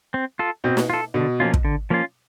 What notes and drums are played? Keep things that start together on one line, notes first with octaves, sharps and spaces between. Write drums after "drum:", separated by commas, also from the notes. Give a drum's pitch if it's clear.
C4
F4 A4
B2 C4
drum: snare
F4 A4
B2 D3
F3 A#3 C#4 F4
drum: kick
D3
F3 A#3 C#4 F4